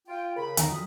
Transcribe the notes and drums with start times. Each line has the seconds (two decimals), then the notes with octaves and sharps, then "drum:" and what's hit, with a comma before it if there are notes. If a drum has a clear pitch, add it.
0.07 F4 G5
0.36 C#3 A#4 B5
0.57 E2 D#3 A#5, drum: hi-hat
0.69 F2 F#3 B5 D#6